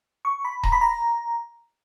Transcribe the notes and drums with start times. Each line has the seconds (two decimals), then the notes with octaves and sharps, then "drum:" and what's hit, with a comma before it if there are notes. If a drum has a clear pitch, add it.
0.25 C#6
0.45 B5
0.63 A#5, drum: kick D#1
0.72 B5
0.81 A#5